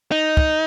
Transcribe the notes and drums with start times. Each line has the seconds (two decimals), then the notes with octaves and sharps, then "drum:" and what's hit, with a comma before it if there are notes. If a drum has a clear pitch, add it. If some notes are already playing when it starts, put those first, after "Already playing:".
0.11 D#4
0.37 drum: kick